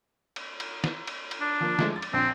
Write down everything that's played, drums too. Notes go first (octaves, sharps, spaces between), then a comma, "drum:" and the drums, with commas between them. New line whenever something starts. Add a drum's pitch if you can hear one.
drum: cymbal
drum: cymbal
drum: snare
drum: cymbal
drum: cymbal
D4
F3 A#3
F3 G#3 A3, drum: snare
D6 A6
drum: cymbal
A#1 C4